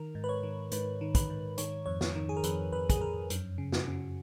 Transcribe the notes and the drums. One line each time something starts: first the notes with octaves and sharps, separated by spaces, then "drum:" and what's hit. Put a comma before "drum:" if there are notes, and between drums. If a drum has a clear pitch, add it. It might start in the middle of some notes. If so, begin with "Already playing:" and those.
Already playing: D#3 A#4
G#2
B4
C#5
D#3
G#2 B4, drum: hi-hat
D#3
B4, drum: kick, hi-hat
G#2
D#3 C#5, drum: hi-hat
F2 C#5
C#5, drum: snare
D#3
G#4
A#4
F2 B4, drum: hi-hat
F2 B4
G#4, drum: kick, hi-hat
F2 A#4
F#2, drum: hi-hat
C#3
F#4, drum: snare
C#3